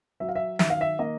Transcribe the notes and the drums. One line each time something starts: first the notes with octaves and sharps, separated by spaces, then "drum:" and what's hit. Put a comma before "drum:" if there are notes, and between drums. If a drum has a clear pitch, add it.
F#3 E5
F5
E5
D#3 E5, drum: snare
F5
E5
A#3 D#5